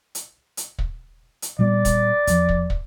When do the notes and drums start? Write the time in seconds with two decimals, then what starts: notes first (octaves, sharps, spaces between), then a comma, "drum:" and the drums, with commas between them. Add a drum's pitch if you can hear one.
0.15 drum: hi-hat
0.57 drum: hi-hat
0.79 drum: kick
1.42 drum: hi-hat
1.59 A#2 G3 B3 D5
1.85 drum: kick, hi-hat
2.27 E2 F3, drum: hi-hat
2.49 drum: kick
2.70 drum: kick